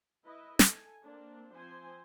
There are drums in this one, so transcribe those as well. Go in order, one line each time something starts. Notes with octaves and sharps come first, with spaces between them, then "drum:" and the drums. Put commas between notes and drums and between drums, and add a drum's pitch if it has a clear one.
E4 B4 D#5 E5
A4 G#5, drum: snare
A#3 C4 D4
F3 C4 C5 G#5